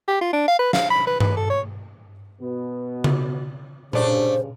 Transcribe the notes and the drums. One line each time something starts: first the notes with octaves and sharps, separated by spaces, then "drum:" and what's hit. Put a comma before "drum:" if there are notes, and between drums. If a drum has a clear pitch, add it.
G4
F4
D4
F5
B4
F5, drum: snare
B5
B4
B4, drum: tom G2
A4
C#5
B2 B3
drum: tom C#3
G2 C#3 A3 D4 C5, drum: tom A#2